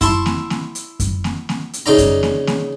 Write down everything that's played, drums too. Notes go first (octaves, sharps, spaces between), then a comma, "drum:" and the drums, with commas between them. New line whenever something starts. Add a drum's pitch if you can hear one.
E4 A5 C6 C#6, drum: kick F#2, hi-hat
drum: snare A#3
drum: snare A#3
drum: hi-hat
drum: kick F#2, hi-hat
drum: snare A#3
drum: snare A#3
drum: hi-hat
C#3 D#4 D5 A#5
drum: kick F#2, hi-hat
drum: snare A#3
drum: snare A#3